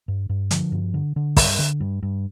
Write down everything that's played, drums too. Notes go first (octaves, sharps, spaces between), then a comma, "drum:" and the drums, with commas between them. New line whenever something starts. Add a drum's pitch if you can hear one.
G2
G2
D3 F3, drum: hi-hat
G2
D3
D3
G2, drum: kick, open hi-hat
D3
G2
G2